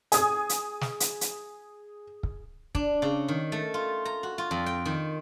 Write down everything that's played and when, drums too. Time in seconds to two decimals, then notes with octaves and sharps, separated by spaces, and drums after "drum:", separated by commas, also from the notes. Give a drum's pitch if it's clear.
0.12 G#4 G#5 D#6, drum: hi-hat
0.49 drum: hi-hat
0.81 drum: snare
1.00 drum: hi-hat
1.21 drum: hi-hat
2.23 drum: kick
2.75 D4, drum: kick
3.02 C#3
3.28 D#3
3.52 A3
3.74 F4
4.05 A#5
4.23 F#4
4.38 F4
4.51 F2
4.66 G5
4.85 D#3